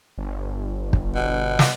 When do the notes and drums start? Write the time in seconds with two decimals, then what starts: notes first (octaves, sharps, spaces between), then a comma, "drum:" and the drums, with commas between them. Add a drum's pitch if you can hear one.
0.18 G1
0.93 drum: kick
1.15 B2
1.59 drum: snare